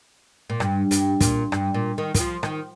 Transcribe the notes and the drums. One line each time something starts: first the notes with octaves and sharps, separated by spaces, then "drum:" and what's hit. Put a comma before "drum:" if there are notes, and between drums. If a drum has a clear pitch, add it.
A#2
G2, drum: rim click
G2, drum: hi-hat
A#2, drum: kick, hi-hat
G2, drum: rim click
A#2
D#3
D#3, drum: kick, hi-hat
F3
D#3, drum: rim click